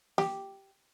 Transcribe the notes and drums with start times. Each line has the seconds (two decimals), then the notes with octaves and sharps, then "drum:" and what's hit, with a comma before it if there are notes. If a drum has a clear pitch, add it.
0.18 G4, drum: snare